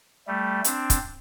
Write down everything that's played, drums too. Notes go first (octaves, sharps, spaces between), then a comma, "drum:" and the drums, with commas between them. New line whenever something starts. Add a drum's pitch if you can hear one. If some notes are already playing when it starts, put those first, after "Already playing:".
G3 A3
C4 D4, drum: hi-hat
drum: kick, hi-hat